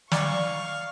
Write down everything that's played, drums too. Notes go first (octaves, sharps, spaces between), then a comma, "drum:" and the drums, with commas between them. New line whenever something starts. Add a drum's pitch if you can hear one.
D5 D#5 F5 C#6 D6, drum: snare